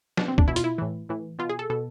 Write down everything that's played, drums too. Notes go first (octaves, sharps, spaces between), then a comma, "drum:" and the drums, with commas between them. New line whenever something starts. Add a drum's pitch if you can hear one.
B2 D4, drum: snare
C4
D4, drum: kick
B2 E4
F4, drum: hi-hat
E4
A2 E3
A2 E3
B2 F4
G#4
A4
B2 A4